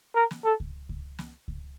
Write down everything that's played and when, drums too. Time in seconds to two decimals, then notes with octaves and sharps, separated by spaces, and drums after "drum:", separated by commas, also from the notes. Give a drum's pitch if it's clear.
0.16 A#4
0.31 drum: snare
0.45 A4
0.60 drum: kick C#2
0.89 drum: kick C#2
1.19 drum: snare
1.48 drum: kick C#2